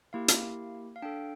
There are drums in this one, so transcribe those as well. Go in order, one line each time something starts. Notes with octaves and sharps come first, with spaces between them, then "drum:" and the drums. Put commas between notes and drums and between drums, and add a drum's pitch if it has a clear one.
A#3 E4 G4 F5
drum: hi-hat
F5
D4 A4 G5